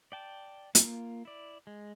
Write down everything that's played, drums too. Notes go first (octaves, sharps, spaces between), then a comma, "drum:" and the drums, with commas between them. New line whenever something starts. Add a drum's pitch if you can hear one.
D5 G5 A5
A#3 F4, drum: hi-hat
E4 D5
G#3